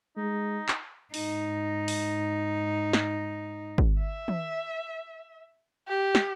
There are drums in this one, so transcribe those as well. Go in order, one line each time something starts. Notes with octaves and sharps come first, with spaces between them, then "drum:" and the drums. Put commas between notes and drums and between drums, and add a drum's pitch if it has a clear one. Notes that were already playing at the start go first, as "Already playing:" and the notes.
G#3 D#4
drum: clap
G#2 D#4, drum: open hi-hat
drum: open hi-hat
drum: snare
drum: kick
E5
drum: tom
G4
drum: snare